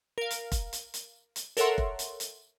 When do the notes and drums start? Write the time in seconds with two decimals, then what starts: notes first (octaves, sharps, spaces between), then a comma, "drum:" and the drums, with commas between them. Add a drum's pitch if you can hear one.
0.18 A#4 F5
0.31 drum: hi-hat
0.52 drum: kick F1, hi-hat
0.73 drum: hi-hat
0.94 drum: hi-hat
1.36 drum: hi-hat
1.57 A4 A#4 C#5 E5 F#5 C6, drum: hi-hat
1.78 drum: kick F1
1.99 drum: hi-hat
2.20 drum: hi-hat